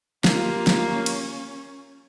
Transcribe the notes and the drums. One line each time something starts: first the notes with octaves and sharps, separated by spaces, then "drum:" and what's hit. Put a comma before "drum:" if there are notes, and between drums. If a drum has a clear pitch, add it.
A#3 F4 G4, drum: snare
drum: snare
C#4
drum: cymbal